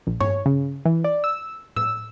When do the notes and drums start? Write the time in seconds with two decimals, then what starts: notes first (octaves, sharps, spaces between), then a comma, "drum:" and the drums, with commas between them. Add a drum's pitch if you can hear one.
0.07 A#1
0.20 C#5, drum: tom G2
0.46 C#3
0.85 E3
1.04 D5
1.24 E6
1.76 E6, drum: tom A2